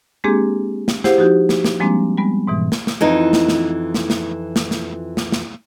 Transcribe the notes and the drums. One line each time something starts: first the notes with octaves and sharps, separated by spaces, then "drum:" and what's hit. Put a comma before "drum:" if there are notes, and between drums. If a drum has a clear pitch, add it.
G#3 A#3 C4 D4 G4 G#4
drum: snare
E4 G4 G#4 C5 F5 F#5, drum: snare
F3 D#4 F#4 G4
drum: snare
drum: snare
F3 G3 G#3 A#3 C4 D4
G3 G#3 B3
G#2 B2 E3
drum: snare
drum: snare
F2 E3 D#4
drum: snare
drum: snare
drum: snare
drum: snare
drum: snare
drum: snare
drum: snare
drum: snare